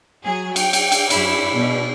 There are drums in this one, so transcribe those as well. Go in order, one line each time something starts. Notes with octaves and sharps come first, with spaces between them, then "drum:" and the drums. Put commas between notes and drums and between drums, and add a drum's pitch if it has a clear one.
F#3 G#4
G5, drum: cymbal
drum: cymbal
drum: cymbal
F#2 E4, drum: cymbal
B2